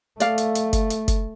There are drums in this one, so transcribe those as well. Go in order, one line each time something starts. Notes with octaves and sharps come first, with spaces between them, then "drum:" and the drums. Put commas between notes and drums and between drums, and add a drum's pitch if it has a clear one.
A3 D5 F5, drum: hi-hat
drum: hi-hat
drum: hi-hat
drum: kick F#1, hi-hat
drum: hi-hat
drum: kick F#1, hi-hat